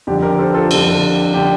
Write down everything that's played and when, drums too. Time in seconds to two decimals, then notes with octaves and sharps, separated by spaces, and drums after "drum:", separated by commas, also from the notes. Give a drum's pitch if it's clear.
0.07 F2 D3 G3 D4 G4
0.22 G4 A#4
0.39 A4 C5
0.54 F4 A4
0.71 F2 D3 G3 D4, drum: cymbal
1.33 D3 G3 D4 G4